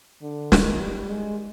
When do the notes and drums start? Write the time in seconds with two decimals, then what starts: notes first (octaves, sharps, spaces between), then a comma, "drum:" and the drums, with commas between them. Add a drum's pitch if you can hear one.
0.22 D3
0.52 D#3, drum: snare
0.81 G3
1.10 G#3